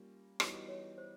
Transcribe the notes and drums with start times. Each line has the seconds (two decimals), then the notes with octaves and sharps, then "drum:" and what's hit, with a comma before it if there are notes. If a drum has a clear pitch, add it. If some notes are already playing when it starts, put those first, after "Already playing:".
Already playing: G3 A#3 C#4 F4
0.40 E3 G3 B3 D#4 F#4 C#5, drum: rim click
0.68 C#5
0.98 C5